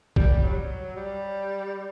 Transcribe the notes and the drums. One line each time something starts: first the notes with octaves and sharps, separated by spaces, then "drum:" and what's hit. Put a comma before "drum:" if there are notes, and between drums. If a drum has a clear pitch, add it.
G3, drum: kick
F#3
G3